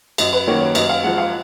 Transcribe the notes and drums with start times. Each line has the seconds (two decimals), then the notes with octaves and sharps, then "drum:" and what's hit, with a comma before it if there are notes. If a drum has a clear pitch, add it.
0.18 F#2 D#5, drum: cymbal
0.33 B4
0.47 D#3 F#3 A#3 C#4 C#5
0.61 C#5
0.75 F#2 D#5, drum: cymbal
0.89 F5
1.03 F3 G#3 F#5
1.18 F5